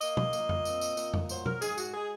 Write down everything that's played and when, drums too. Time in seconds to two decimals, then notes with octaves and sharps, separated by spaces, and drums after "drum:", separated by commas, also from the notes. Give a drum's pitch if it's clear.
0.01 A#3 D#5, drum: tambourine
0.17 drum: tom
0.33 A#2, drum: tambourine
0.49 drum: tom F2
0.65 C4, drum: tambourine
0.81 drum: tambourine
0.97 A#2, drum: tambourine
1.14 drum: tom F2
1.29 F#3 C5, drum: tambourine
1.46 A#4, drum: tom
1.62 G#2 G#4, drum: tambourine
1.78 F#4, drum: tambourine
1.94 G#3 G#4